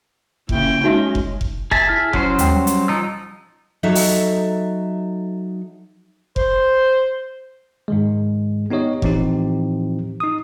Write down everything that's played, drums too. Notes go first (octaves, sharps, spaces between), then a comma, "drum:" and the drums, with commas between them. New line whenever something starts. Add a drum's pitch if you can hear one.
A#2 C#3 E4 G5, drum: kick F1
G#3 C#4 D#4 F#4 E5
drum: kick F1
drum: kick F1
G#4 E5 A5, drum: kick F1
E4 F6 B6
F#3 C#4 C5, drum: kick F1
D#2 G#3 G5, drum: hi-hat
G3
drum: hi-hat
F3 D#4 E6
F#3 D#4 A4 E5
drum: open hi-hat
C5, drum: kick F1
G#2 D#3 G#3
B3 D#4 G4 C#5 D#5
A2 E3 F3 C4 D#4 G4, drum: kick F1
D#4 D#6